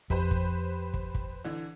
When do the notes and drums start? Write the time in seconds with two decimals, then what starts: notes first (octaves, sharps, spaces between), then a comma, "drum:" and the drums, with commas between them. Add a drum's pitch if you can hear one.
0.10 F2 G4 B4 C5, drum: kick
0.31 drum: kick
0.94 drum: kick
1.15 drum: kick
1.45 D3 E3